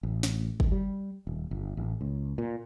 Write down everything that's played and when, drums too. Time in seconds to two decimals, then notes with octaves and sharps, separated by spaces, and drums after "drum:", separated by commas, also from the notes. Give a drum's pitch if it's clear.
0.03 A1
0.23 drum: snare
0.60 drum: kick
0.72 G3
1.27 D#1
1.51 G1
1.77 A1
2.01 C#2
2.38 A#2